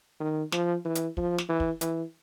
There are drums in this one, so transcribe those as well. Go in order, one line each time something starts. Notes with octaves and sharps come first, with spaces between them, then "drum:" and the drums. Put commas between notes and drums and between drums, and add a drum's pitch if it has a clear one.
D#3
F3, drum: snare
E3
drum: hi-hat
F3, drum: kick
drum: snare
E3
drum: kick
E3, drum: hi-hat